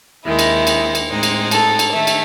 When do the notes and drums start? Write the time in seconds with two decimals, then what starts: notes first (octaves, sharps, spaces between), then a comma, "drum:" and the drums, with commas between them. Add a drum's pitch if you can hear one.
0.24 D#2 D#3 G#3 E4
0.39 drum: cymbal
0.67 drum: cymbal
0.95 drum: cymbal
1.08 A2 G#3 C4 D#4
1.23 drum: cymbal
1.51 A4, drum: cymbal
1.79 drum: cymbal
1.93 D#3 A3 E5
2.07 drum: cymbal